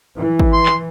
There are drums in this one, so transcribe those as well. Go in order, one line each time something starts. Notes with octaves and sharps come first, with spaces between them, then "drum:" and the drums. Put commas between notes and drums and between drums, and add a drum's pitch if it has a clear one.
E3
drum: kick
C6
drum: clap